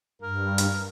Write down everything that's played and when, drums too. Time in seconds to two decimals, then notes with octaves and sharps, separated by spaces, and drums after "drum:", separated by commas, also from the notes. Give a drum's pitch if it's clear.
0.22 G2 A#4
0.58 drum: hi-hat